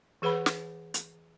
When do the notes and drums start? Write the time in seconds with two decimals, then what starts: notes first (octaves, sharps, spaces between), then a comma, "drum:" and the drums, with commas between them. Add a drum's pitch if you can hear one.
0.22 E3 G#4 B4 F#5 B5
0.46 drum: snare
0.94 drum: hi-hat